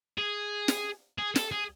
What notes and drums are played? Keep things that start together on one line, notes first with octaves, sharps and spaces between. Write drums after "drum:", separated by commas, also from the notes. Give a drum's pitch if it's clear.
G#4
drum: snare
G#4
A4, drum: snare
G#4